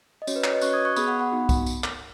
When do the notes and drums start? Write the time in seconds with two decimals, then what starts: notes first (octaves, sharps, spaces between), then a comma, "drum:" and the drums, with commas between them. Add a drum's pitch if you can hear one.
0.22 D#5
0.27 C#4 F#4 C#5, drum: tambourine
0.36 B4
0.44 C#5, drum: clap
0.53 B4 D#5
0.61 C#4 F#4 C#6 F#6, drum: tambourine
0.73 D#6 G#6
0.85 C#6 F#6
0.96 B3 G#4 B5 D#6, drum: tambourine
1.08 F#5 B5
1.19 F#5 B5
1.32 B3 D#4 F#4
1.49 drum: kick C2, tambourine
1.66 drum: tambourine
1.84 drum: clap